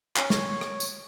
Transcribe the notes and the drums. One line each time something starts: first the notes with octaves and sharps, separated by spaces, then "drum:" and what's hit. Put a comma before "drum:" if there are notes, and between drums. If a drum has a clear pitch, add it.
C#4, drum: clap
C#5, drum: snare
drum: rim click
drum: tambourine